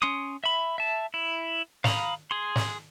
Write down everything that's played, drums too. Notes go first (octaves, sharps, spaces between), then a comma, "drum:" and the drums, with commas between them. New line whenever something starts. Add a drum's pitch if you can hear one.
C#4 C6 D#6
E5 B5
E5 A5
E4
F5 A#5 B5 D#6, drum: snare
G#4 C6
drum: snare